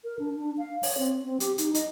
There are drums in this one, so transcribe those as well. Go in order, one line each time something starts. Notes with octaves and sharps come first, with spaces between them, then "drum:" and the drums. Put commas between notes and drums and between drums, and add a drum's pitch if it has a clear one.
A#4
D4
D4
F5
C#5, drum: open hi-hat
C4
C4
G4, drum: hi-hat
D#4, drum: hi-hat
D#5, drum: hi-hat